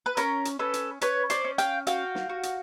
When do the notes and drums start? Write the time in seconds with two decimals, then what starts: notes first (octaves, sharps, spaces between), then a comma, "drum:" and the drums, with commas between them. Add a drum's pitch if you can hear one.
0.06 B4
0.17 C#4 A#4, drum: hi-hat
0.45 drum: hi-hat
0.59 C#4 A4 B4
0.74 drum: hi-hat
1.01 C#4 B4 C#5, drum: hi-hat
1.30 C5 D5, drum: hi-hat
1.44 C#4
1.58 F5 G5, drum: hi-hat
1.87 F#4 F5 G5, drum: hi-hat
2.15 drum: snare
2.29 F#4
2.43 drum: hi-hat